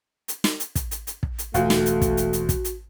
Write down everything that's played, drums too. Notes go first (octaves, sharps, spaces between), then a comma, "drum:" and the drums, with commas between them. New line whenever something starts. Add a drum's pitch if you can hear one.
drum: hi-hat
drum: snare
drum: hi-hat
drum: kick, hi-hat
drum: hi-hat
drum: hi-hat
drum: kick
drum: hi-hat
E1 D2 A3 F4 F#4, drum: hi-hat
drum: snare
drum: hi-hat
drum: kick, hi-hat
drum: hi-hat
drum: hi-hat
drum: kick, hi-hat
drum: hi-hat